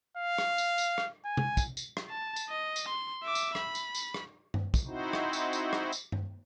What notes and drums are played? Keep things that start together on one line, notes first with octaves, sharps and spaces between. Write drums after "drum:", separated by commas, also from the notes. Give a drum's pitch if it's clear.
F5
drum: rim click
drum: tambourine
drum: tambourine
drum: rim click
G#5
drum: tom C3
drum: kick, tambourine
drum: tambourine
drum: rim click
A5
drum: tambourine
D#5
drum: tambourine
C6
E5 D6
drum: tambourine
B5, drum: rim click
drum: tambourine
drum: tambourine
drum: rim click
drum: tom G2
drum: kick, tambourine
C4 D#4 E4 F#4 C5
drum: rim click
drum: tambourine
drum: tambourine
drum: rim click
drum: tambourine
drum: tom G2